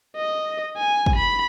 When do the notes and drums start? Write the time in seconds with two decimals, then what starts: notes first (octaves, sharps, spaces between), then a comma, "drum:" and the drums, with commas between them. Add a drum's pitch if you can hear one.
0.16 D#5
0.77 G#5
1.06 drum: kick
1.16 B5